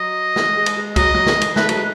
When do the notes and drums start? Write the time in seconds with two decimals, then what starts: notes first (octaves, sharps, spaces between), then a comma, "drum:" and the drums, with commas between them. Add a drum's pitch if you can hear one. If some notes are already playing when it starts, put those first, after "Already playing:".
Already playing: F#3 D#5
0.36 G#3, drum: snare
0.57 G#3
0.66 drum: cymbal
0.77 G#3
0.96 F#3 D#5, drum: kick, cymbal
1.15 F#3
1.26 G#3, drum: snare
1.42 drum: cymbal
1.56 A3 B4, drum: snare
1.69 F#3, drum: cymbal
1.76 G#3